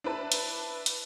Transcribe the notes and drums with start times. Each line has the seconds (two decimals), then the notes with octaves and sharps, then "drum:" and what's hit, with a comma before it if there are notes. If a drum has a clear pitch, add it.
0.04 D4 E4 B4 A5
0.32 drum: hi-hat
0.86 drum: hi-hat